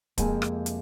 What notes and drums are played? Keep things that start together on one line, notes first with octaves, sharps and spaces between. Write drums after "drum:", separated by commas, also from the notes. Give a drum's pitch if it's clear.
F2 C3 G#3 A#3 G#5, drum: kick, hi-hat
drum: rim click
drum: hi-hat